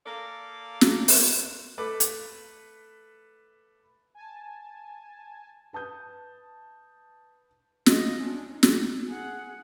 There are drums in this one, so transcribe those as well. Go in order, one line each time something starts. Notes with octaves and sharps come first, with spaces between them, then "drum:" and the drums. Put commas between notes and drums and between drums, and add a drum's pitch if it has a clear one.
A#3 A4 A#4 D5
drum: snare
drum: open hi-hat
A3 A4 B4 D6
drum: hi-hat
G#5 A5
B4 A5 D#6 G6
F4 D#5, drum: snare
C#4 D4
D#4
drum: snare
G#4 F#5